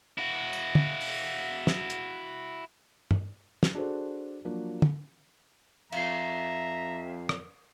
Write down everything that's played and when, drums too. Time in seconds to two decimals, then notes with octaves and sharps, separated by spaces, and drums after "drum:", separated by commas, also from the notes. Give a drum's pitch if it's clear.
0.18 E4 F#4
0.53 drum: tambourine
0.75 drum: tom
1.01 drum: open hi-hat
1.67 drum: snare
1.90 drum: hi-hat
3.11 drum: tom
3.63 drum: snare
3.75 D4 F#4 G#4 A4 C5
4.45 F3 F#3 A#3 D4 F#4
4.82 drum: tom
5.92 F2 E5 F5 A#5 C7, drum: cymbal
7.29 drum: rim click